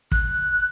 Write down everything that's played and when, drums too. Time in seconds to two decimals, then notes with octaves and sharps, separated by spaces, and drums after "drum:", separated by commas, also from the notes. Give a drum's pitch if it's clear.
0.12 F#6, drum: kick